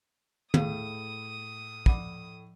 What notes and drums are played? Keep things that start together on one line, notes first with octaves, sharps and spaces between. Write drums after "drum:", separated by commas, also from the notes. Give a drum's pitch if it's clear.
A2 G#4 F5 D#6, drum: tom
F3 F#5 B5, drum: kick